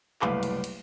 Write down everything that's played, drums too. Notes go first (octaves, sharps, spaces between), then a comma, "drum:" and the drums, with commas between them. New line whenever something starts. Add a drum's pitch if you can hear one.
F#1 C2 A3 B4 F5 D6, drum: clap
drum: cymbal
drum: cymbal